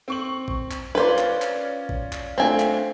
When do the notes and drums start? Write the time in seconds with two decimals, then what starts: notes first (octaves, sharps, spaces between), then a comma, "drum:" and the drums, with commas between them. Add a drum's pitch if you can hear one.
0.08 C4 C#6 F#7
0.48 drum: kick A1
0.71 drum: clap
0.95 C#4 F4 B4 C5 D5
1.18 drum: clap
1.42 drum: clap
1.89 drum: kick A1
2.13 drum: clap
2.38 A3 C4 D4 F4 G#5
2.60 drum: clap